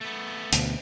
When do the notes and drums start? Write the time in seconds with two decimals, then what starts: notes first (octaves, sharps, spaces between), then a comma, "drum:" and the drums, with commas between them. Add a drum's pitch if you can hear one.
0.01 A3 B3
0.53 D2 B2, drum: hi-hat